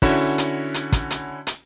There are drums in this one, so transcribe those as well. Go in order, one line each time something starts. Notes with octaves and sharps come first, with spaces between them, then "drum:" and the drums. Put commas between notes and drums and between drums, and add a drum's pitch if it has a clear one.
D3 C#4 E4 F#4, drum: kick, open hi-hat
drum: hi-hat
drum: hi-hat
drum: kick, hi-hat
drum: hi-hat
drum: hi-hat